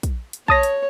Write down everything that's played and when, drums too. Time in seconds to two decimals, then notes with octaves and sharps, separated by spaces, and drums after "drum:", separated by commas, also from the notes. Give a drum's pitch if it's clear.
0.03 drum: kick, hi-hat
0.33 drum: hi-hat
0.48 C#5 A5 D#6 A#6, drum: kick
0.63 drum: hi-hat